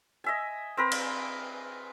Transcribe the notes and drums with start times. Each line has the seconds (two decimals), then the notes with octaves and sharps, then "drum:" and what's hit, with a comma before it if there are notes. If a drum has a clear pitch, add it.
0.24 D#5 E5 G#5
0.77 C4 A#4 B4
0.92 drum: cymbal